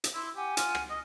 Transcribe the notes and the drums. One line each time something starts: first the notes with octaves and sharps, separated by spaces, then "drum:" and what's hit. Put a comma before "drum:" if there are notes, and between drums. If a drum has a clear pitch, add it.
drum: hi-hat
E4 C6 D6 E6
G4 F#5 G#5
F4, drum: hi-hat
drum: rim click
D#5